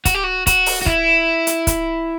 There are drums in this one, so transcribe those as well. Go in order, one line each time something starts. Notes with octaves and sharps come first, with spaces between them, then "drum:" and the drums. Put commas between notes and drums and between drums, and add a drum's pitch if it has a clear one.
F#4, drum: kick, hi-hat
G4
F#4
F#4, drum: kick, hi-hat
drum: open hi-hat
F#4
E4, drum: kick
drum: hi-hat
drum: kick, hi-hat